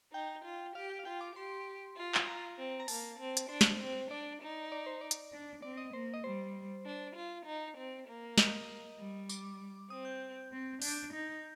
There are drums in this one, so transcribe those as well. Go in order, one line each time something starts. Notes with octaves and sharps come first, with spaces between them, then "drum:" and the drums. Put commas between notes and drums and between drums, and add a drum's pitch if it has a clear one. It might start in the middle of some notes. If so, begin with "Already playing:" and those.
D#4 G5
F4
G4 F5
G5
F5
F4 G5
D6
G4 C6
F4
drum: clap
A#5
C4
A#5
A#3 A5, drum: open hi-hat
C4
drum: hi-hat
D4 C5
drum: snare
C4
D4 D5
D#4
D5
C5
D5
drum: hi-hat
D4
C4 D5
D#5
A#3 C5
D#5
G3 C5
D4
F4
D#4
C4
A#3
D#5, drum: snare
G3
D6, drum: tambourine
C4 D#6
G6
C4
D4 G6, drum: open hi-hat
D#4